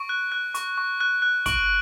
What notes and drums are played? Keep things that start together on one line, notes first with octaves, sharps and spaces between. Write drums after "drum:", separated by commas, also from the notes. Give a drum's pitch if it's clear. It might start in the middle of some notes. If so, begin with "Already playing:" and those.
Already playing: C#6 D7
F#6
F#6
C#6, drum: hi-hat
C#6
F#6
F#6
C#6 D7 F#7, drum: kick, hi-hat